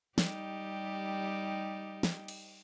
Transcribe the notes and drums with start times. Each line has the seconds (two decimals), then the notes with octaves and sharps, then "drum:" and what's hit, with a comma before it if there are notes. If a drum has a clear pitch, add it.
0.18 G3 D#4 G4, drum: snare
2.03 drum: snare
2.28 drum: cymbal